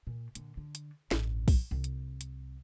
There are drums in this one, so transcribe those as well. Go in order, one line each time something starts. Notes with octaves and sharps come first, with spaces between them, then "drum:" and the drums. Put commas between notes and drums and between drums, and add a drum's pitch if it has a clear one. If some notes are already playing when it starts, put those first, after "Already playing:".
A#2
A#2 D3, drum: hi-hat
D3
drum: hi-hat
A1 G2, drum: snare
drum: kick, open hi-hat
C2
drum: hi-hat
drum: hi-hat